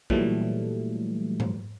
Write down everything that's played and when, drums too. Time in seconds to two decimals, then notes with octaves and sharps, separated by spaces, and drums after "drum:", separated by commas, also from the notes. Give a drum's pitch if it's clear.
0.10 A#2 E3 F#3 G3 A3, drum: kick
1.40 drum: tom G#2